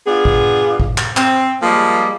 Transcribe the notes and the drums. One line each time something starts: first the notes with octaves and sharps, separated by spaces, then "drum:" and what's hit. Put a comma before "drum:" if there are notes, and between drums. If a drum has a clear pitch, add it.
B3 D4 F4 G#4
drum: kick
drum: kick
drum: clap
C4, drum: clap
F3 G3 G#3 A#3